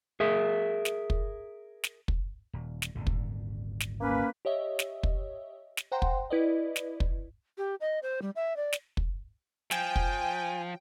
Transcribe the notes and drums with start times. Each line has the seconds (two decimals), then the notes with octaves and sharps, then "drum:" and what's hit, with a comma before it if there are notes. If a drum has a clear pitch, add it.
0.20 G#4 A#4 E5
0.85 drum: snare
1.10 drum: kick
1.84 drum: snare
2.08 drum: kick
2.53 D#1
2.82 drum: snare
2.95 D#1 G#1 D3
3.07 drum: kick
3.80 drum: snare
4.01 A#3 C#4 B4
4.45 G4 C#5 D#5 E5
4.79 drum: snare
5.03 drum: kick
5.77 drum: snare
5.92 C5 F#5 G5 A#5 C6
6.02 drum: kick
6.30 E4 B4 D5 D#5
6.76 drum: snare
7.00 drum: kick
7.58 G4
7.81 D#5
8.03 C5
8.22 G3
8.36 E5
8.56 D5
8.73 drum: snare
8.97 drum: kick
9.71 F3 G5 G#5, drum: snare
9.96 drum: kick